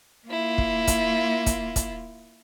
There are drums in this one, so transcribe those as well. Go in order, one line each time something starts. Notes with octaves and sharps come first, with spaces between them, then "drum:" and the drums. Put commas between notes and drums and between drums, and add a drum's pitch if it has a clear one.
A#3 E4 F4
drum: kick
drum: kick, hi-hat
drum: kick, hi-hat
drum: kick, hi-hat